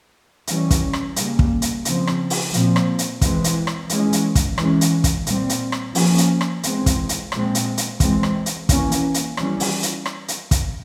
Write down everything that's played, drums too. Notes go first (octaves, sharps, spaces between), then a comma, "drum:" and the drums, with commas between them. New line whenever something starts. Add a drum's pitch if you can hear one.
E3 G3 C#4, drum: hi-hat
drum: kick, hi-hat
drum: rim click
C#3 G3 A#3, drum: hi-hat
drum: kick
drum: hi-hat
C#3 F3 C4, drum: hi-hat
drum: rim click
drum: open hi-hat
A#2 F3 C4, drum: hi-hat
drum: rim click
drum: hi-hat
E3 G#3 C4, drum: kick, hi-hat
drum: hi-hat
drum: rim click
E3 G#3 C#4, drum: hi-hat
drum: hi-hat
drum: kick, hi-hat
E3 G#3 C#4, drum: rim click
drum: hi-hat
drum: kick, hi-hat
A#2 G3 C4, drum: hi-hat
drum: hi-hat
drum: rim click
F3 A#3 C#4, drum: open hi-hat
drum: hi-hat
drum: rim click
E3 G#3 C4, drum: hi-hat
drum: kick, hi-hat
drum: hi-hat
A#2 F3 G#3 C4, drum: rim click
drum: hi-hat
drum: hi-hat
E3 G#3 C4, drum: kick, hi-hat
drum: rim click
drum: hi-hat
E3 A#3 C#4, drum: kick, hi-hat
drum: hi-hat
drum: hi-hat
E3 G3 C#4, drum: rim click
drum: open hi-hat
drum: hi-hat
drum: rim click
drum: hi-hat
drum: kick, hi-hat